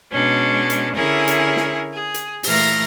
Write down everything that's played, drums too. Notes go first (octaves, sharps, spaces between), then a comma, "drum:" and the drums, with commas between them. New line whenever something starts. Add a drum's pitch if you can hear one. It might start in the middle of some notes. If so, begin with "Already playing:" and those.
B2 G#3 C#4 D4
drum: hi-hat
D3 C#4 E4 G#4 A#4
drum: hi-hat
drum: snare
G#4
drum: hi-hat
A#2 E3 A3 F5 A#5 A#6, drum: open hi-hat